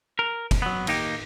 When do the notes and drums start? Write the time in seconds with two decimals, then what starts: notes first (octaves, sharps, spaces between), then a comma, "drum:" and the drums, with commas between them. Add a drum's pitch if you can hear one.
0.19 A#4
0.51 drum: kick F#1, cymbal
0.62 F#3 B3
0.87 D#2 A#3 D#4 G4, drum: cymbal